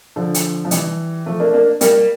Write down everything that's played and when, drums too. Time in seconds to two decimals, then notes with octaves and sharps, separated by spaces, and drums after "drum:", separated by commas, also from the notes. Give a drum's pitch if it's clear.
0.16 D3 F3
0.34 drum: hi-hat
0.65 F3
0.71 E3 G3, drum: hi-hat
1.26 F3 A3
1.40 A#3 D4
1.54 A#3 D4
1.81 G3 A#3, drum: hi-hat